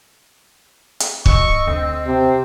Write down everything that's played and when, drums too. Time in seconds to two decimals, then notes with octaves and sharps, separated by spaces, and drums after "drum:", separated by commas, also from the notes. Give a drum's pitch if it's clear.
1.00 drum: hi-hat
1.26 F#2 D#5 C#6 E6, drum: kick
1.67 D2 C4
2.07 C3